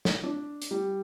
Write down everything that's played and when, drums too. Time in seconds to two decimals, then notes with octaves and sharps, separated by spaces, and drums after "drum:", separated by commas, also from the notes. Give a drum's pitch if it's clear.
0.05 drum: snare
0.24 D4
0.62 drum: hi-hat
0.71 G3